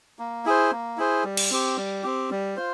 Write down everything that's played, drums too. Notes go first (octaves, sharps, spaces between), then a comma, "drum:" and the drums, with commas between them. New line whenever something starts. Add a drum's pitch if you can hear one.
A#3
E4 G#4 C5
A#3
E4 G#4 C5
G3
drum: cymbal
C4 G4
G3
C4 G4
G3
F4 C5